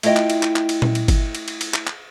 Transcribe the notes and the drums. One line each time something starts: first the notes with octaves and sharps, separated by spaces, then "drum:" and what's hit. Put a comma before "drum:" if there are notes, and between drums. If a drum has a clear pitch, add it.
A3 E4 F4 D#5 G5, drum: cymbal
drum: clap
drum: cymbal
drum: clap
drum: clap
drum: cymbal
drum: tom A#2
drum: cymbal
drum: kick G1, cymbal
drum: cymbal
drum: cymbal
drum: cymbal
drum: clap
drum: clap